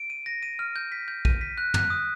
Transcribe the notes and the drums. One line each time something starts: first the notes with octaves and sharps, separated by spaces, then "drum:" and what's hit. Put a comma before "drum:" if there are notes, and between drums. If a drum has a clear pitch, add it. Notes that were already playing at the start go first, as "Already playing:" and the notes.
Already playing: D7
D#7
A#6
D#7
F6
G6
B6
G6
D#7, drum: kick
B6
F#6
F#6, drum: tom
D#6